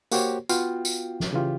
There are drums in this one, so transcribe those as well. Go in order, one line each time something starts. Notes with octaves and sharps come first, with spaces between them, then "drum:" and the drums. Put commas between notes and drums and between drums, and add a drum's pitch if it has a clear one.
A#3 F#4 G4 A#4 C5 C#5, drum: tambourine
B3 F4 F#4 F5 G5, drum: tambourine
drum: tambourine
drum: snare
C#3 E3 F4 G4